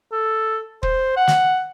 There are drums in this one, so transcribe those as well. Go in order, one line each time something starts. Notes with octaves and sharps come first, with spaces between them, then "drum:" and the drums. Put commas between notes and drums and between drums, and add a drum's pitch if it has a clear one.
A4
C5, drum: kick
F#5
drum: snare